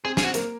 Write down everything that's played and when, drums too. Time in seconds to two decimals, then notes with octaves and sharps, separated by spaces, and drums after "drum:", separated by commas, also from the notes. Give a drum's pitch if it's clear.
0.05 C4 G#4 C5
0.17 G#4, drum: snare
0.24 F#4
0.34 A#3 A#4, drum: hi-hat